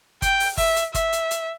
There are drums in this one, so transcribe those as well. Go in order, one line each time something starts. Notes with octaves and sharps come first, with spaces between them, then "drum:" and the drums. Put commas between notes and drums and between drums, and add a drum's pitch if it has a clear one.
G5, drum: kick G1, hi-hat
drum: open hi-hat
E5, drum: kick G1, open hi-hat
drum: hi-hat
E5, drum: kick G1, hi-hat
drum: hi-hat
drum: hi-hat